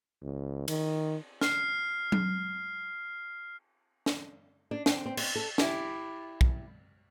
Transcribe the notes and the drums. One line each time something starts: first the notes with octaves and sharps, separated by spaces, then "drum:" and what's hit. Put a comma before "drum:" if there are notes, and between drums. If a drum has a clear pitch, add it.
C#2
D#3, drum: cymbal
F6 C7, drum: snare
drum: tom F#3
drum: snare
D4
C4, drum: snare
C4
C4, drum: cymbal
A4
E4 G4, drum: snare
drum: kick